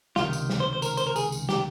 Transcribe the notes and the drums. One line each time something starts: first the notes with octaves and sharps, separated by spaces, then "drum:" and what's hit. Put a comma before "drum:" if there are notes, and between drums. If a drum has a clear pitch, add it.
C#2 C3 D#3 F4, drum: snare
drum: tambourine
drum: snare
C5
C5
A#4, drum: tambourine
C5, drum: tambourine
A#4
G#4, drum: tambourine
drum: tambourine
G4, drum: snare